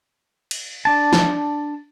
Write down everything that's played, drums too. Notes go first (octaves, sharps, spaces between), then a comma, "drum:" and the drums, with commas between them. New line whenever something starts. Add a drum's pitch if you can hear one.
drum: cymbal
D4 A5
drum: snare